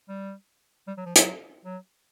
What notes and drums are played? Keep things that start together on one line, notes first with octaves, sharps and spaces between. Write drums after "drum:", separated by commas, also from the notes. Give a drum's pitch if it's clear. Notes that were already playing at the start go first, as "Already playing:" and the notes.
G3
G3
F#3
F3
F#3, drum: hi-hat
F#3